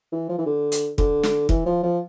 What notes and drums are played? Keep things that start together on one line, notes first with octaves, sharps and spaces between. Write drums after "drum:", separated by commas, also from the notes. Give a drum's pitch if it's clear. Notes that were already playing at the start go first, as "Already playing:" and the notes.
E3
F3
E3
D3
drum: hi-hat
D3, drum: kick
drum: snare
E3, drum: kick
F3
F3